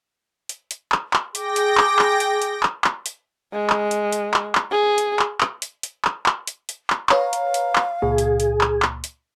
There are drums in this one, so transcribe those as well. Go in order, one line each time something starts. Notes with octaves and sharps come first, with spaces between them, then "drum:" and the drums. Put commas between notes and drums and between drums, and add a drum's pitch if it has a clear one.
drum: hi-hat
drum: hi-hat
drum: clap
drum: clap
G#4 G5 D6 A#6, drum: hi-hat
drum: hi-hat
drum: clap
drum: clap
drum: hi-hat
drum: hi-hat
drum: clap
drum: clap
drum: hi-hat
G#3
drum: clap
drum: hi-hat
drum: hi-hat
drum: clap
drum: clap
G#4
drum: hi-hat
drum: clap
drum: clap
drum: hi-hat
drum: hi-hat
drum: clap
drum: clap
drum: hi-hat
drum: hi-hat
drum: clap
B4 C#5 F5 A#5, drum: clap
drum: hi-hat
drum: hi-hat
drum: clap
C#2 A#2 G#4
drum: hi-hat
drum: hi-hat
drum: clap
drum: clap
drum: hi-hat